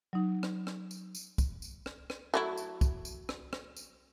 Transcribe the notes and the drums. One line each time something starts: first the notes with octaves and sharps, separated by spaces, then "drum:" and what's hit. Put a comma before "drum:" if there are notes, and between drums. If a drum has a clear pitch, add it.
F#3 D#4
drum: rim click
drum: rim click
drum: tambourine
drum: tambourine
drum: kick, tambourine
drum: tambourine
drum: rim click
drum: rim click
F#3 A3 E4
drum: tambourine
drum: kick, tambourine
drum: tambourine
drum: rim click
drum: rim click
drum: tambourine